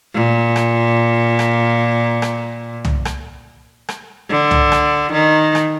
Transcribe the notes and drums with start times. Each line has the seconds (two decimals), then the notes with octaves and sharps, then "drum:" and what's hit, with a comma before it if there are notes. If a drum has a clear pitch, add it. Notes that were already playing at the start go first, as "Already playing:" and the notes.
0.14 A#2
0.56 drum: rim click
1.39 drum: rim click
2.22 drum: rim click
2.85 drum: tom C2
3.05 drum: rim click
3.89 drum: rim click
4.30 D3
4.51 drum: tom C2
4.72 drum: rim click
5.13 D#3
5.55 drum: rim click